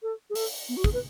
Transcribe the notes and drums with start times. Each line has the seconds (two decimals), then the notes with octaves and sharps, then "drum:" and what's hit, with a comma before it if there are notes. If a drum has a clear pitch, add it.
0.03 A4
0.30 G#4
0.35 A4, drum: open hi-hat
0.69 B3
0.77 F#4
0.84 G#4, drum: kick
0.93 B4